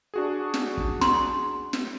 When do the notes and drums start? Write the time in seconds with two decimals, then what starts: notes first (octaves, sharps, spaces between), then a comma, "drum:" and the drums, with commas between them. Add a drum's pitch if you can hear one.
0.14 D4 F#4 G#4
0.54 drum: snare
0.78 drum: kick
1.01 C6, drum: snare
1.73 drum: snare